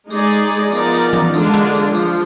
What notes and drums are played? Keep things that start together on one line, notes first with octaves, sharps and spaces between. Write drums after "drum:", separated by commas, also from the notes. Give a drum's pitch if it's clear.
G#3 D#4 G#4 D5, drum: tambourine
drum: tambourine
drum: tambourine
F3 B3 D#4 A#4 D5, drum: tambourine
drum: tambourine
drum: tom E3
D3 G#3 D4 F4, drum: tambourine
drum: clap
drum: tambourine
F3, drum: tambourine